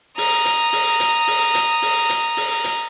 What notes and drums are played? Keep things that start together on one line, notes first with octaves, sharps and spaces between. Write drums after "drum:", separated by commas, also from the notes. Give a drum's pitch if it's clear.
A#5 D#6, drum: open hi-hat
drum: hi-hat
drum: open hi-hat
drum: hi-hat
drum: open hi-hat
drum: hi-hat
drum: open hi-hat
drum: hi-hat
drum: open hi-hat
drum: hi-hat